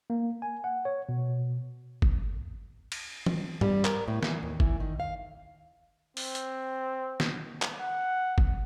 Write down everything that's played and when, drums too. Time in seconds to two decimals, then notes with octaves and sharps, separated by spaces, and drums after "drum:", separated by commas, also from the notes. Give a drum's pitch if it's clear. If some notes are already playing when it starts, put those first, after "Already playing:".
0.10 A#3
0.42 G#5
0.64 F#5
0.85 C#5
1.09 B2
2.02 drum: kick
2.92 drum: cymbal
3.26 drum: tom E3
3.61 G3, drum: tom G2
3.85 A#4, drum: clap
4.08 A2
4.23 E3, drum: snare
4.43 D#2
4.60 E3, drum: kick
4.80 D#3
5.00 F5
6.17 C4, drum: open hi-hat
6.35 drum: hi-hat
7.20 drum: snare
7.62 drum: clap
7.81 F#5
8.38 drum: kick